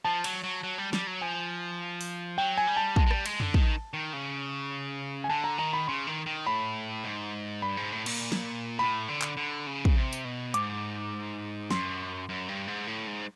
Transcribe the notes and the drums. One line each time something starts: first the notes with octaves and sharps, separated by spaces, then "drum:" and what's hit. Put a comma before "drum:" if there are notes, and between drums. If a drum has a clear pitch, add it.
F3 A5
F#3, drum: cymbal
F#3
F#3
G3
G3, drum: snare
F#3
F3 G#5
drum: open hi-hat
F#3 G5
G#5
G3
A5
G#3 A5, drum: kick
G#3
G3, drum: rim click
G#3, drum: cymbal
D3, drum: tom F2
D#3, drum: kick
D#3
C#3
G#5
D3 A5
A#5
D#3 A#5
B5
C#3 C6
D#3
D#3
A2 B5
G#2
G2 B5
G#2
A2
A#2, drum: cymbal
drum: snare
A2 B5
D3
drum: clap
D3
C#3
drum: kick
C3
drum: tambourine
B2
G#2 D6, drum: hi-hat
F#2 C6, drum: snare
F#2
G2
G#2
A2
G#2